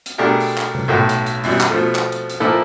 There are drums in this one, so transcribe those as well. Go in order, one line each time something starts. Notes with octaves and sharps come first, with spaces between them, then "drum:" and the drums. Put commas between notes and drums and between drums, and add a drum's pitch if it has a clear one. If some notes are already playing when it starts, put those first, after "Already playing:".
drum: hi-hat
B2 A3 D4 G4 G#4 A#4
drum: open hi-hat
drum: clap
drum: tom C3
B1 A2 F#4 A4 G5
drum: hi-hat
drum: hi-hat
F#2 B2 E3 G3, drum: open hi-hat
drum: clap
B2 F3 A3
drum: clap
drum: hi-hat
drum: hi-hat
A#2 F3 A#3 E4 A4